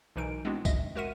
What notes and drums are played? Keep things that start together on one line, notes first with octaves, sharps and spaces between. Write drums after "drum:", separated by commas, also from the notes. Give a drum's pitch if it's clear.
B1 B2 E3 D#4 A#4 D7
G#3 B3 C4 D4 E4 F#4
D#5 E5, drum: kick, tambourine
G#3 F#4 A#4 E5 F#5 D#7